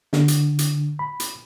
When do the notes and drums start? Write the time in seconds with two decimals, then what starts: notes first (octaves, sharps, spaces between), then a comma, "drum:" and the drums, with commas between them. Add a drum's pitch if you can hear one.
0.13 D3, drum: snare
0.28 drum: hi-hat
0.59 drum: hi-hat
0.99 B5
1.20 drum: hi-hat